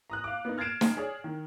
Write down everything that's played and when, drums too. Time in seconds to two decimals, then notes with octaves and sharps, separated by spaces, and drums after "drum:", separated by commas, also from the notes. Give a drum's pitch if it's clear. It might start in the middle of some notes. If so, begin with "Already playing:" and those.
0.10 A#5 D#6 F#6
0.24 F5 D6
0.45 B3 D#4
0.58 F6 G#6 A6 C7 D7 E7
0.81 drum: snare
0.97 G#4 C#5 D5
1.24 D#3